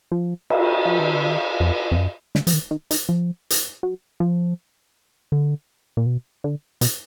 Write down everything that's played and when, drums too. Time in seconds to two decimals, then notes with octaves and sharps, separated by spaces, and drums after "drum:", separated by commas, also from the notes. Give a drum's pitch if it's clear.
0.12 F3
0.50 drum: cymbal
0.85 F3
0.99 D#3
1.14 D3
1.27 D#3
1.60 F2
1.91 F2
1.96 F#2
2.35 D3, drum: snare
2.47 F3, drum: hi-hat
2.53 D#3
2.71 D#3
2.91 D#3, drum: hi-hat
3.09 F3
3.50 drum: hi-hat
3.83 F#3
4.20 F3
5.32 D3
5.97 A#2
6.06 B2
6.44 D3
6.81 B2, drum: hi-hat